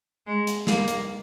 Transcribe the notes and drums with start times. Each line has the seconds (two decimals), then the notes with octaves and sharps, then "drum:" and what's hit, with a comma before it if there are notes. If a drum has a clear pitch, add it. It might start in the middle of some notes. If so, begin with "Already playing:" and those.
0.27 G#3
0.47 drum: hi-hat
0.67 A#3, drum: snare
0.88 drum: hi-hat